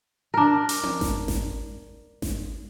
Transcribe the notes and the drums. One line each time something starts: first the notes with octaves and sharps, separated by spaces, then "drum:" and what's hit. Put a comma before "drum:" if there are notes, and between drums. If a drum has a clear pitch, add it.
D4 A#4
drum: hi-hat
drum: tom C4
drum: snare G#1
drum: snare G#1
drum: snare G#1